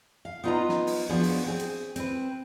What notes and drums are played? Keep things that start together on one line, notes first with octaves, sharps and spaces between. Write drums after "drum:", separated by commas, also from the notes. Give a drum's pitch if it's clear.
F5
B3 D#4 F4 B4 D#5 A#5
drum: snare
drum: open hi-hat
F3 F#3 B3 D4 G#4
drum: open hi-hat
C4 G#4
drum: hi-hat
C4 B4, drum: hi-hat